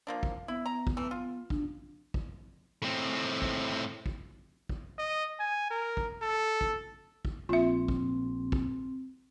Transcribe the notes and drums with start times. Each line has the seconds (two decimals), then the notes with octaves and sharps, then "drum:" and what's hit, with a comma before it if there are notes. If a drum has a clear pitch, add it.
0.07 F3 A#3 D4
0.23 drum: kick
0.48 B3 E4
0.66 A#5
0.87 drum: kick
0.97 E3 A3
1.11 F4
1.50 D4, drum: kick
2.14 drum: kick
2.82 A2 C4
3.42 drum: kick
4.06 drum: kick
4.69 drum: kick
4.98 D#5
5.39 G#5
5.71 A#4
5.97 drum: kick
6.22 A4
6.61 drum: kick
7.25 drum: kick
7.49 A#1 C4 F4 E5
7.88 drum: kick
8.52 drum: kick